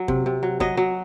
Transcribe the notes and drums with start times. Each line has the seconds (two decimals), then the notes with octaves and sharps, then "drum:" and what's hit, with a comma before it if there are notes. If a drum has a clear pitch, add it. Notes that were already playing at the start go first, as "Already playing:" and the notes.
Already playing: F#3
0.08 C3, drum: kick
0.26 C3
0.43 F#3
0.60 F#3 D#5, drum: kick
0.77 F#3